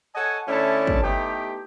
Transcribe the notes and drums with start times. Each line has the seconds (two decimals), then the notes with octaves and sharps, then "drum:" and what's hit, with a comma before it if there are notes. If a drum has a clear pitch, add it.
0.15 A4 C#5 D#5 F#5 G#5
0.48 D3 A3 C#4 E4 D5 A5
0.87 drum: kick
1.02 A3 B3 D#4 E4 G4